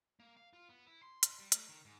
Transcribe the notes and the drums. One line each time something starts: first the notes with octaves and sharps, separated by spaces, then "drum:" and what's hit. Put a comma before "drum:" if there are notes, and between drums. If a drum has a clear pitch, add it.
A#3
F5
F4
B3
E4
C6
drum: hi-hat
G3
A3, drum: hi-hat
D#3
G#2